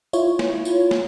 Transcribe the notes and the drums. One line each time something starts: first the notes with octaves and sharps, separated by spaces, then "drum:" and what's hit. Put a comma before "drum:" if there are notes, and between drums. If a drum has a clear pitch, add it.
E4 F4 C#5, drum: tambourine
drum: snare
drum: tambourine
drum: snare